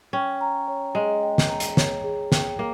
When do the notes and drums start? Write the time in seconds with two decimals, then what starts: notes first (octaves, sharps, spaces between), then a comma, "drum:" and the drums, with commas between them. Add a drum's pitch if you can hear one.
0.13 C#4 G5
0.41 A#5
0.68 C#5
0.94 G#3 G#4
1.23 G5
1.38 drum: snare
1.49 A#5
1.60 drum: hi-hat
1.77 C#5, drum: snare
2.04 G#4
2.32 G5, drum: snare
2.59 A#3